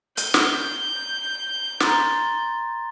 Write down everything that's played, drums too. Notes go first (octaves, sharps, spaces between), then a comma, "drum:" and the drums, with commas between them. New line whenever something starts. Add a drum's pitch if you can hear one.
G6, drum: hi-hat
drum: snare
A#5 C6 A6, drum: snare